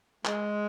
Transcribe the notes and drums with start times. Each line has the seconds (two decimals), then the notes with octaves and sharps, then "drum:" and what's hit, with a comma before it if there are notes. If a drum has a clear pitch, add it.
0.25 G#3, drum: clap